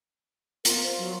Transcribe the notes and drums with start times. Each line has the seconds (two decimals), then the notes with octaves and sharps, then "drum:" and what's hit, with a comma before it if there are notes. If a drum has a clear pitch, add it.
0.65 F4 A#4, drum: hi-hat
0.83 C5
0.99 F#3